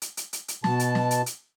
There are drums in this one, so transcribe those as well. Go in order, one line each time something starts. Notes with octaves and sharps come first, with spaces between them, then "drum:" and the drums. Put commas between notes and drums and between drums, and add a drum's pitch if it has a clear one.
drum: hi-hat
drum: hi-hat
drum: hi-hat
drum: hi-hat
B2 A5, drum: snare
drum: hi-hat
drum: snare
drum: hi-hat
drum: hi-hat